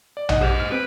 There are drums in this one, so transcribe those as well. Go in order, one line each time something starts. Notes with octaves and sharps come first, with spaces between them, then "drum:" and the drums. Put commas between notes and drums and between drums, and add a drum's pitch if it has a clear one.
D5
D#4 D#5 F#5, drum: tom A#1
G4 C5 D#5 F6
F6
C4 B4 D7